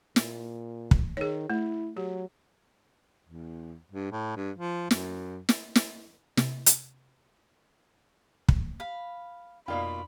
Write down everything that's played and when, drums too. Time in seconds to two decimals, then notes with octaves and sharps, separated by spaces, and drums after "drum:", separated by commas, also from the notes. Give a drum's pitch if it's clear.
0.16 A#2, drum: snare
0.91 drum: kick
1.17 D#3 G#4 C#5
1.50 A3 E4
1.97 F#3 G4
3.25 E2
3.91 G2
4.11 A2
4.36 G2
4.56 F3
4.91 F#2, drum: snare
5.49 drum: snare
5.75 drum: snare
6.37 C3, drum: snare
6.66 drum: hi-hat
8.49 drum: kick
8.80 F5 B5
9.68 F2 B2 A#3 F4 D5 B5